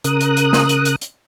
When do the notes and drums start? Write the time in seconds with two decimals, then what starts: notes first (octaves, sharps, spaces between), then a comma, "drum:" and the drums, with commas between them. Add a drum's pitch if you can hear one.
0.04 C#3 A#4 D#6 F#6, drum: hi-hat
0.21 drum: hi-hat
0.37 drum: hi-hat
0.53 drum: snare
0.69 drum: hi-hat
0.85 drum: hi-hat
1.01 drum: hi-hat